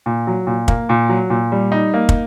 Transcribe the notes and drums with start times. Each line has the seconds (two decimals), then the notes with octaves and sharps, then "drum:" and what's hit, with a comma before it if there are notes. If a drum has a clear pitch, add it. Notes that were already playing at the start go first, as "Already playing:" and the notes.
0.06 A#2
0.27 F#3
0.47 A#2
0.68 A#3, drum: kick
0.89 A#2
1.09 F#3
1.30 A#2
1.52 G3
1.72 D#4
1.94 A#3
2.09 drum: kick